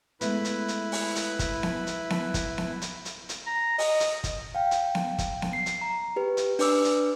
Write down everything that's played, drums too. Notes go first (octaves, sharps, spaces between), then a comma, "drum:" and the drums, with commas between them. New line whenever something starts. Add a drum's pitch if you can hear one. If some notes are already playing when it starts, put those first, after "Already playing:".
G#3 A3 B3 E4 B4 B5, drum: hi-hat
drum: hi-hat
drum: hi-hat
drum: open hi-hat
drum: hi-hat
drum: kick, hi-hat
drum: snare B3
drum: hi-hat
drum: snare B3
drum: kick, hi-hat
drum: snare B3
drum: hi-hat
drum: hi-hat
drum: hi-hat
A#5
D#5, drum: open hi-hat
drum: hi-hat
drum: kick, hi-hat
F5 G5
drum: hi-hat
drum: snare B3
drum: kick, hi-hat
drum: snare B3
C7
drum: hi-hat
A#5
G4 B4
drum: hi-hat
D4 B4 D6 E6, drum: open hi-hat
drum: hi-hat